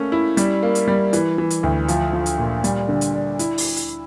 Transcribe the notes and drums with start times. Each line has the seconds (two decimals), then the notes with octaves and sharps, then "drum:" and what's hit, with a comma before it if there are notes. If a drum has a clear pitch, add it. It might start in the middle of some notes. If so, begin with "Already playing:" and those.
Already playing: A3 A#3 C#4
0.12 E4
0.37 G3, drum: hi-hat
0.63 A#3
0.75 drum: hi-hat
0.88 G3
1.13 E3, drum: hi-hat
1.38 E3
1.50 drum: hi-hat
1.63 D2
1.88 F3, drum: hi-hat
2.13 F3
2.26 drum: hi-hat
2.38 A#2
2.64 G3, drum: hi-hat
2.88 D3
3.01 drum: hi-hat
3.14 D4
3.39 E4, drum: hi-hat
3.58 drum: open hi-hat
3.76 drum: hi-hat